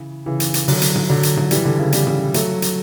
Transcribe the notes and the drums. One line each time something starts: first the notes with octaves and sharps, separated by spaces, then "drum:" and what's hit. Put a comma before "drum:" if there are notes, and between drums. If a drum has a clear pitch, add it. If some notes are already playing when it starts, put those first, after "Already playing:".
Already playing: C#3 E3
C#3 E3
drum: hi-hat
drum: hi-hat
D3 F#3, drum: open hi-hat
drum: hi-hat
drum: tom
D3 F#3
drum: hi-hat
drum: tom
E3 G3, drum: hi-hat
D3
C#3 E3
E3 G3, drum: hi-hat
drum: tom
F#3 A3, drum: hi-hat
drum: hi-hat